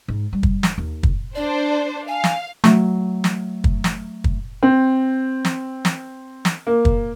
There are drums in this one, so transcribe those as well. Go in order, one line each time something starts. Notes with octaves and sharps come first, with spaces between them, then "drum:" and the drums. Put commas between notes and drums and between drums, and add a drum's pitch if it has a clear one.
G#2
G3
drum: kick
drum: snare
D#2
drum: kick
D4 C5 D5
F5 G#5
drum: snare
F#3 A3, drum: snare
drum: snare
drum: kick
drum: snare
drum: kick
C4
drum: snare
drum: snare
drum: snare
A#3
drum: kick